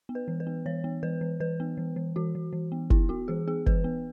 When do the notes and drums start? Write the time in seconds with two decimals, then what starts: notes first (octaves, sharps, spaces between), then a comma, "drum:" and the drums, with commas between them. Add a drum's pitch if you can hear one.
0.09 B3
0.15 B4
0.28 E3
0.40 B4
0.47 B3
0.66 E3 C#5
0.84 B3
1.03 E3 B4
1.21 E3
1.40 E3 B4
1.60 B3
1.78 E3
1.96 E3
2.16 E3 F#4
2.35 E3
2.53 E3
2.72 B3
2.90 B3 E4, drum: kick
3.09 B3 F#4
3.28 E3 G#4
3.48 B3 G#4
3.66 E3 B4, drum: kick
3.84 B3